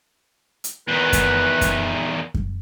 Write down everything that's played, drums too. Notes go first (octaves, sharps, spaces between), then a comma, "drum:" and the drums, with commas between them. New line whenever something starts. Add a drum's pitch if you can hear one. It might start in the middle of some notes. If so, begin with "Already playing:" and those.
drum: hi-hat
E2 D#3 B4
drum: kick F#2, hi-hat
drum: kick F#2, hi-hat
drum: kick F#2